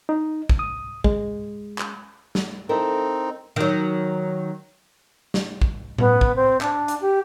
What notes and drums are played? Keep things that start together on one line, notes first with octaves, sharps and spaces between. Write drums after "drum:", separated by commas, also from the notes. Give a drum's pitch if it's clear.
D#4
drum: kick
D#6
G#3, drum: kick
drum: clap
drum: snare
C4 D#4 E4 A4 A#4
D#3 F#3
drum: snare
drum: kick
B3, drum: tom A2
drum: kick
C4
D4, drum: clap
drum: hi-hat
G4